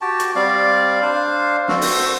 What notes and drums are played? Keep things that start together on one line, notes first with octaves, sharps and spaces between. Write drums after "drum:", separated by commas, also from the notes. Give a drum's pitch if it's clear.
F#4 G4 G5 A5
drum: hi-hat
G3 C4 D5 F5
D4 C5 F5
C4 F#4 A4 C5, drum: snare
drum: open hi-hat